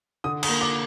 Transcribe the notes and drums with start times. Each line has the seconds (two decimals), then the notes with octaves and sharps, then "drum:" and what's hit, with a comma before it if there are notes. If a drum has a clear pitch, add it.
0.24 D3 D#6
0.43 D#6, drum: cymbal
0.49 A#3
0.61 D6